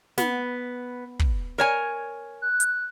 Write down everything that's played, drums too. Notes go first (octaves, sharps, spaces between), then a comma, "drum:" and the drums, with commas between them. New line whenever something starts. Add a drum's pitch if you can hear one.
B3, drum: snare
drum: kick
A#4 C#5 G#5
F#6
drum: hi-hat